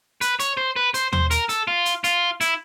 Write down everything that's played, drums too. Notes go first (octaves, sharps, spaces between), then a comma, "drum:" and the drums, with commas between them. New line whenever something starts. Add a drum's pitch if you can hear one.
B4, drum: hi-hat
C#5, drum: hi-hat
C5
B4
C5, drum: hi-hat
C5, drum: tom D#2
A#4, drum: hi-hat
A4, drum: hi-hat
F4
drum: hi-hat
F4, drum: hi-hat
E4, drum: hi-hat